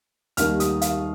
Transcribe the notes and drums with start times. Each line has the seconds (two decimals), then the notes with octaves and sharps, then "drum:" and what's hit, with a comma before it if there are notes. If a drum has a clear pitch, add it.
0.37 D#2 D#3 G3 F6, drum: hi-hat
0.60 D#6, drum: hi-hat
0.81 F5, drum: hi-hat